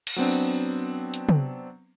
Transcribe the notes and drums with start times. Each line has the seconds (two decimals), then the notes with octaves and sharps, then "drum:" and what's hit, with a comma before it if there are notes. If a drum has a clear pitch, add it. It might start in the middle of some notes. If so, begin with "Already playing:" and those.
0.07 drum: cymbal
0.16 F#3 B3 C4 D4
1.14 drum: hi-hat
1.29 drum: tom